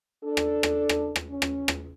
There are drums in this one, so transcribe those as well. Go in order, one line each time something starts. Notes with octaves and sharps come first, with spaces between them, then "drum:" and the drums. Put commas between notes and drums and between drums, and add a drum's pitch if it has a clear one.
D4 A4
drum: rim click
drum: rim click
drum: rim click
drum: rim click
C#4
drum: rim click
drum: rim click